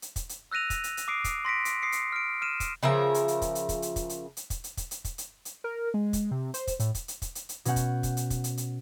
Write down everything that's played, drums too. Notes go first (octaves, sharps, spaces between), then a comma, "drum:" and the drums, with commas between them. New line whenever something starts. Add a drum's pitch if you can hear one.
drum: hi-hat
drum: kick, hi-hat
drum: hi-hat
E6 F#6 A#6 D#7 F7
drum: kick, hi-hat
drum: hi-hat
drum: hi-hat
D6 D#6 C7 D7
drum: kick, hi-hat
C6 A#6 B6 D7
drum: hi-hat
D#6 C7 C#7
drum: hi-hat
F6 D7
F6 D#7 E7
drum: kick, hi-hat
C#3 F3 A#4 E5
drum: hi-hat
drum: hi-hat
drum: kick, hi-hat
drum: hi-hat
drum: kick, hi-hat
drum: hi-hat
drum: kick, hi-hat
drum: hi-hat
drum: hi-hat
drum: kick, hi-hat
drum: hi-hat
drum: kick, hi-hat
drum: hi-hat
drum: kick, hi-hat
drum: hi-hat
drum: hi-hat
A#4
G#3
drum: kick, hi-hat
C3
C5, drum: hi-hat
drum: kick, hi-hat
A2, drum: hi-hat
drum: kick, hi-hat
drum: hi-hat
drum: kick, hi-hat
drum: hi-hat
drum: hi-hat
B2 C#4 F#5 G6, drum: hi-hat
drum: kick, hi-hat
drum: kick, hi-hat
drum: hi-hat
drum: kick, hi-hat
drum: hi-hat
drum: hi-hat